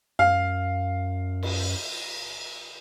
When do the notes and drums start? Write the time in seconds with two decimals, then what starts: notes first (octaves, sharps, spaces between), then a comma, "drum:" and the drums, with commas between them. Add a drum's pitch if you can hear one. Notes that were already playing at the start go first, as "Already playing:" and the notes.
0.19 F#2 F5
1.43 drum: cymbal